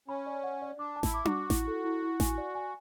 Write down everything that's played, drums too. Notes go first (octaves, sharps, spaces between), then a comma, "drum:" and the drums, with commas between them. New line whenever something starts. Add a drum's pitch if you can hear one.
C#4 B5
D5
F#5
D5
D4 D6
A5
E4, drum: snare A1
D6
F#4, drum: tom D4
D6
E4, drum: snare A1
A4
E4
E4
G#5, drum: snare A1
D5
G#5